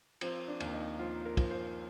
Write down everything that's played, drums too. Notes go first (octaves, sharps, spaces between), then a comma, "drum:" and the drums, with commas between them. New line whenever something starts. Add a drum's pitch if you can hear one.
F3 C4, drum: cymbal
D4
D#2, drum: cymbal
D#4
F3 F4
A#4
F3, drum: kick, cymbal
C5